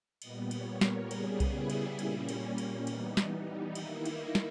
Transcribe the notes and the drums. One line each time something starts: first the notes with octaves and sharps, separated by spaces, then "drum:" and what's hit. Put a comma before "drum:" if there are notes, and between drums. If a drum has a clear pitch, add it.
A#2 G3 B3 D#5, drum: cymbal
C#5, drum: cymbal
A#4, drum: snare
C#3 G3 B3 G#4, drum: cymbal
drum: kick C2, cymbal
E4
drum: cymbal
A#2 G3 A#3 C#4, drum: cymbal
drum: cymbal
drum: cymbal
E3 G3 B3 D#4, drum: cymbal
drum: snare
D#3 A#3 D#4 E4, drum: cymbal
drum: cymbal
drum: snare